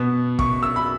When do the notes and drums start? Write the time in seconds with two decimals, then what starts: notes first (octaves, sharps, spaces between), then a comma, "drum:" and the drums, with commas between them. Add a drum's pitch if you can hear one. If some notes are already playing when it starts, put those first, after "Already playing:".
Already playing: B2 B3
0.39 C#6, drum: kick
0.63 E6
0.76 B5